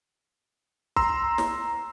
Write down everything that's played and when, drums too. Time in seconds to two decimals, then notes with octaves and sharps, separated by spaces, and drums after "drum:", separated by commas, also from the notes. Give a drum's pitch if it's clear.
0.96 A#5 C6 E6, drum: kick B1
1.38 drum: snare